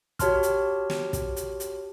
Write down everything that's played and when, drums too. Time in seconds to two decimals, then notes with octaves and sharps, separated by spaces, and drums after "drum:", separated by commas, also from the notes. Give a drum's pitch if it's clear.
0.19 F#4 G4 C#5 A5 C6 F6, drum: kick, hi-hat
0.43 drum: hi-hat
0.90 drum: snare
1.13 drum: kick, hi-hat
1.36 drum: hi-hat
1.60 drum: hi-hat